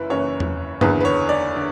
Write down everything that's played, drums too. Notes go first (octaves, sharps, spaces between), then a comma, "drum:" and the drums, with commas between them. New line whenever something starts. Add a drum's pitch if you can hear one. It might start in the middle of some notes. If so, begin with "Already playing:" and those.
Already playing: F#1 F#2 E3 E4 B4
F#1 F#2 E3 C#5
drum: tom E2
F#1 E2 D3 B4, drum: tom G2
B4
C#5
D5
D3